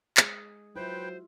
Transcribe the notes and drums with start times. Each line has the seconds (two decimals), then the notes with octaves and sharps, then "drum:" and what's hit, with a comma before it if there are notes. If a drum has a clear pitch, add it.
0.17 G#3 G#4, drum: clap
0.76 F#3 E4 F4 B4 C5 G5